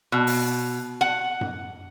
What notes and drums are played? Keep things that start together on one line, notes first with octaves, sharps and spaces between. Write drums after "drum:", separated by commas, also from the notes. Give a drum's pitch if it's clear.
B2
drum: open hi-hat
F#5
drum: tom F#2